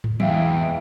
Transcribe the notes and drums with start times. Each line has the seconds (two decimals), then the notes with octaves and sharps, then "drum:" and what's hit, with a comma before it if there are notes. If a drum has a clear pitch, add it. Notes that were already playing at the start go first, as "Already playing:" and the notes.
0.04 drum: tom
0.20 E2 B2 E3 G#3 E5 F5 G5, drum: tom